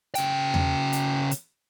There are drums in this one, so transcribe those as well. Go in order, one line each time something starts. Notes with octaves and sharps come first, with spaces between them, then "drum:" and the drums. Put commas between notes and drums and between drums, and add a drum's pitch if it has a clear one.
C#3 G5, drum: hi-hat
drum: tom E2
drum: hi-hat
drum: hi-hat